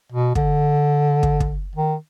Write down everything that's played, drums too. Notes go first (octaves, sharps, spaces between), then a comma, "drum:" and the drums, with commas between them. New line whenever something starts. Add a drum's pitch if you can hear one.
B2
D3, drum: kick
drum: kick
drum: kick
D#3